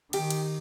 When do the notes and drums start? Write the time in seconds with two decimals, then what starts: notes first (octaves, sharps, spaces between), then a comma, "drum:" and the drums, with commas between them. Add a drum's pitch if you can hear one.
0.13 D#3 G4, drum: cymbal
0.30 drum: cymbal